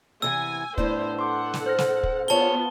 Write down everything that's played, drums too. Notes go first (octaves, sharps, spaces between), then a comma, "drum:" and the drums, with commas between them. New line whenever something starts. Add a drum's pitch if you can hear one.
C3 E3 B3 G#5 E6
A2 B3 D4 E4 C5, drum: kick
A4 F#5 C6 D6 G6
drum: snare
C5 F6 A#6
drum: snare
drum: kick
B3 F4 G#4 C#5 A5 G7